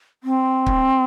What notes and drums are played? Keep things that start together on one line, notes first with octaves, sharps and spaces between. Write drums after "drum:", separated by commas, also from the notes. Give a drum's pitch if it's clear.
C4
drum: kick